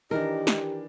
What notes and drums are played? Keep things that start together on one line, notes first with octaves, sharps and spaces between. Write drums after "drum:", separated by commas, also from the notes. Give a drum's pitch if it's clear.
D#3 E3 D4 G4 A#4 D#5
drum: snare